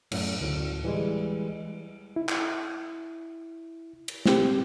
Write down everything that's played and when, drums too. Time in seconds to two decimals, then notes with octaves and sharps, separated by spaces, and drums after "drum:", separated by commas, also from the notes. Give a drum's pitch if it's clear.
0.11 F#2 A2, drum: cymbal
0.41 D2 A2
0.84 E3 G3 G#3
2.16 E4
2.29 drum: clap
4.08 drum: cymbal
4.26 C4 G4, drum: snare